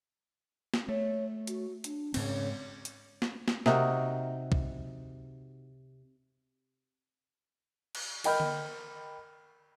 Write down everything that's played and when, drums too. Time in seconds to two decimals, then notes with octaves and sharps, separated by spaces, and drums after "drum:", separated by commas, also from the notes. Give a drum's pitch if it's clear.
0.74 drum: snare
0.88 A3 C#5
1.47 F#4, drum: hi-hat
1.84 D4, drum: hi-hat
2.14 G#2 C#3 C4, drum: cymbal
2.85 drum: hi-hat
3.22 drum: snare
3.48 drum: snare
3.66 C3 D#4 F#4 A#4, drum: snare
4.52 drum: kick C2
7.95 drum: cymbal
8.24 A#4 D#5 G5 B5 F6 G6, drum: cymbal
8.40 drum: tom D3